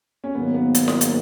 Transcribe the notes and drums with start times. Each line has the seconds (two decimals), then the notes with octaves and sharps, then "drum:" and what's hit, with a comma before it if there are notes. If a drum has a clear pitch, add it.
0.24 C#4
0.35 G#2 D#3 F#3 A#3 B3
0.55 B3
0.75 drum: hi-hat
0.88 drum: snare
1.01 drum: hi-hat